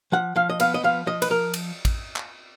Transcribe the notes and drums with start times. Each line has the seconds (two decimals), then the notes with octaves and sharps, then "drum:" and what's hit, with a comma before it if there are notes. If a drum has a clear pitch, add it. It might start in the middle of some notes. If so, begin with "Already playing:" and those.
0.12 F3 F#5
0.36 F3 F5
0.50 D#5
0.60 B3 F5, drum: cymbal
0.74 D#5
0.83 F3 F5
1.06 F3 D#5
1.22 B4, drum: cymbal
1.30 F3 A#4
1.54 drum: cymbal
1.85 drum: kick, cymbal
2.16 drum: clap